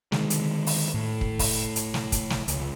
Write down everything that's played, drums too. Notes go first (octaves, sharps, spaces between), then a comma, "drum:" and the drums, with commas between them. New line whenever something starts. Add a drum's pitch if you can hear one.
D3 D#3 G#3, drum: snare
drum: hi-hat
drum: open hi-hat
A2
drum: kick
drum: kick, open hi-hat
drum: hi-hat
drum: snare
drum: kick, hi-hat
drum: snare
C#2, drum: hi-hat